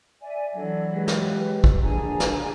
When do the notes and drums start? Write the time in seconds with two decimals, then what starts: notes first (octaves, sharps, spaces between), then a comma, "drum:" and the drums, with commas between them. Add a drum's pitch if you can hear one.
0.21 D5 E5 G#5
0.56 E3 F#3 D4 A4
0.93 G#3 G4 B4
1.08 drum: snare
1.64 drum: kick
1.83 A#1 D3 G#4 G#5 A#5
2.20 drum: snare